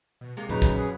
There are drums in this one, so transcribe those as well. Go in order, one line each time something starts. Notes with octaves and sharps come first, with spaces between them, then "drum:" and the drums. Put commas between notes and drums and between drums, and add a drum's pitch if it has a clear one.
B2
C3 G#3 A#3
F#2 A#2 C#3 D#4 A#4 B4
drum: kick
G#4 B4